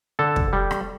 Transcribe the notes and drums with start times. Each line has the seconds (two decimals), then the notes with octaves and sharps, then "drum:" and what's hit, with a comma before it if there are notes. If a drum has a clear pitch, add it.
0.19 D3 A4
0.36 drum: kick
0.53 G3
0.71 drum: rim click